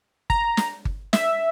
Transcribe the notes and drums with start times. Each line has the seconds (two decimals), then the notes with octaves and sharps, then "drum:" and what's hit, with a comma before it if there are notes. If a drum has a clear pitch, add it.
0.30 A#5, drum: kick G1
0.57 drum: snare
0.85 drum: kick G1
1.13 E5, drum: snare